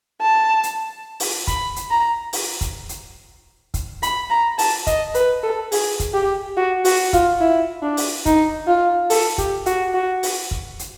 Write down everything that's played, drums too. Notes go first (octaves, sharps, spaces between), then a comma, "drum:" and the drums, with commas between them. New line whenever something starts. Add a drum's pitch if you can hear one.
A5
drum: hi-hat
drum: open hi-hat
B5, drum: kick, hi-hat
drum: hi-hat
A#5
drum: open hi-hat
drum: kick, hi-hat
drum: hi-hat
drum: kick, hi-hat
B5, drum: hi-hat
A#5
A5, drum: open hi-hat
D#5, drum: kick, hi-hat
B4, drum: hi-hat
A4
G#4, drum: open hi-hat
drum: kick, hi-hat
G4
F#4
F#4, drum: open hi-hat
F4, drum: kick, hi-hat
E4
D4
drum: open hi-hat
D#4, drum: kick, hi-hat
F4
A4, drum: open hi-hat
G4, drum: kick, hi-hat
F#4, drum: hi-hat
F#4
drum: open hi-hat
drum: kick
drum: hi-hat